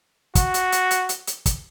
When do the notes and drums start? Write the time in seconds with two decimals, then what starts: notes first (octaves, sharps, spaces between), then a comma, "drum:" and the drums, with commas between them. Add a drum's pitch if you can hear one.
0.35 F#4, drum: kick, hi-hat
0.54 drum: hi-hat
0.72 drum: hi-hat
0.91 drum: hi-hat
1.09 drum: hi-hat
1.27 drum: hi-hat
1.46 drum: kick, hi-hat